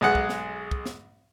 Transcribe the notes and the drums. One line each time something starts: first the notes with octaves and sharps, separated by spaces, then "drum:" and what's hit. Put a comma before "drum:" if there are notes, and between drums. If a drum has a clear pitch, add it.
B1 G#3 F#5
drum: kick
drum: snare
drum: kick
drum: snare